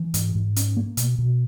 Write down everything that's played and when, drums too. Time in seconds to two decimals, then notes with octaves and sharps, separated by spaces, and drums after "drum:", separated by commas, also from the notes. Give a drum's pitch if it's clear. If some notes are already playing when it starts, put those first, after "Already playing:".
Already playing: E3
0.14 G#2, drum: hi-hat
0.35 G#2
0.56 C#4, drum: hi-hat
0.77 A#3
0.97 B2, drum: hi-hat
1.19 B2